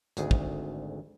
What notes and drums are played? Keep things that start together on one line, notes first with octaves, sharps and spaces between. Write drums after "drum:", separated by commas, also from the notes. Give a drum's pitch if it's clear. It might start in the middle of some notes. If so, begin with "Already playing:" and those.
G#1 D2 G#4, drum: hi-hat
drum: kick